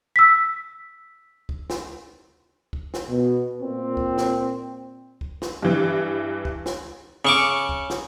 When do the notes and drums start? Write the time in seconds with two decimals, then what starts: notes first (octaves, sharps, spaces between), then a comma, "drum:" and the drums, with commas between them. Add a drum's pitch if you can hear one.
0.16 E6 B6
1.49 drum: kick D2
1.70 drum: snare
2.73 drum: kick D2
2.94 drum: snare
3.09 B2
3.60 A#2 C4
3.97 drum: kick D2
4.18 drum: snare
5.21 drum: kick D2
5.42 drum: snare
5.62 G2 E3
6.45 drum: kick D2
6.66 drum: snare
7.25 C#3 C#6 D6
7.69 drum: kick D2
7.90 drum: snare